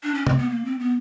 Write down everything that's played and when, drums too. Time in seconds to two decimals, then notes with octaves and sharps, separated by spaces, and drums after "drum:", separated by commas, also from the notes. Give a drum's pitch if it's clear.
0.03 D4
0.15 C#4
0.27 C4, drum: tom
0.38 B3
0.50 A#3
0.65 C4
0.79 B3